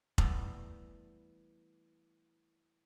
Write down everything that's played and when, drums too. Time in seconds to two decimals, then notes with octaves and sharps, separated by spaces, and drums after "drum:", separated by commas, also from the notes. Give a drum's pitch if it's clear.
0.18 E3 G3 A3 B3, drum: kick F1